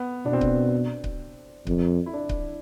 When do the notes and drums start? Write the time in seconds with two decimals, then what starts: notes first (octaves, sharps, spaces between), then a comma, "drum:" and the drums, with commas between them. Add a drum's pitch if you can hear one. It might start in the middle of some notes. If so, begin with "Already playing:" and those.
Already playing: B3
0.25 B2 D4
0.33 C4
0.41 D4, drum: kick C#1
1.04 drum: kick C#1
1.67 F2, drum: kick C#1
2.06 E4
2.14 D4
2.29 drum: kick C#1